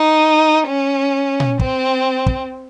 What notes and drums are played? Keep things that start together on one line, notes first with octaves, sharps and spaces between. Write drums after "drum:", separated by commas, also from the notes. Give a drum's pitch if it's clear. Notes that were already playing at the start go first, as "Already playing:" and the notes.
Already playing: D#4
C#4
drum: tom A#2
C4, drum: kick
drum: kick